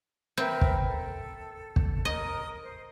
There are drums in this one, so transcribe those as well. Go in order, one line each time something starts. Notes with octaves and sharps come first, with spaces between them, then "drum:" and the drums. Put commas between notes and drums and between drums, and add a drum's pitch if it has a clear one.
C4 A#4 B4 E5
drum: kick
A4
drum: kick
A#4 D#5 D#6
C5